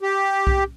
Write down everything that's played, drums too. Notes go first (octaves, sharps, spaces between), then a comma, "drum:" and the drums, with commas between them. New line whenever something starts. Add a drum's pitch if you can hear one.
G4
drum: kick B1